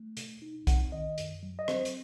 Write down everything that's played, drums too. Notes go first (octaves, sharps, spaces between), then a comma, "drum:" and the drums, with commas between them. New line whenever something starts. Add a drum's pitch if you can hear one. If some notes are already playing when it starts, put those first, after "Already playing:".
Already playing: A3
B2, drum: hi-hat
D#4
C4 F#5, drum: kick B1, hi-hat
D#3 D#5
F#2, drum: hi-hat
F#3
D#5
C4 C5, drum: rim click
drum: hi-hat